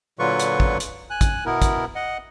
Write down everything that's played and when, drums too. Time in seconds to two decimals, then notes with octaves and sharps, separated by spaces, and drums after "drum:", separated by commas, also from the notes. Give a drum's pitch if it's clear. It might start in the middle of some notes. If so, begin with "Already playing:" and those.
0.19 A#2 D3 F#3 F4 B4 C#6
0.40 drum: hi-hat
0.60 drum: kick
0.80 drum: hi-hat
1.10 G#5 F#6
1.21 drum: kick, hi-hat
1.46 B2 B3 E4 A#4
1.62 drum: kick, hi-hat
1.95 D#5 F#5